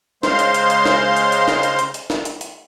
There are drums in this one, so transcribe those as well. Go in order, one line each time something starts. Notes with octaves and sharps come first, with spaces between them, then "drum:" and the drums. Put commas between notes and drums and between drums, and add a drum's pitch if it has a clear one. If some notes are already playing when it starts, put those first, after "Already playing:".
C#3 G#3 C5 F5 C6, drum: snare
drum: hi-hat
drum: hi-hat
drum: hi-hat
drum: snare
drum: hi-hat
drum: hi-hat
drum: snare
drum: hi-hat
drum: hi-hat
drum: hi-hat
drum: snare
drum: hi-hat
drum: hi-hat